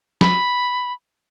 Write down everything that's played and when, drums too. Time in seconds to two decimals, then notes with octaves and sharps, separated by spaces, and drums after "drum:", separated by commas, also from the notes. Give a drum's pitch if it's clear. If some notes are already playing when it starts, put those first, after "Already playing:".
0.21 B5, drum: snare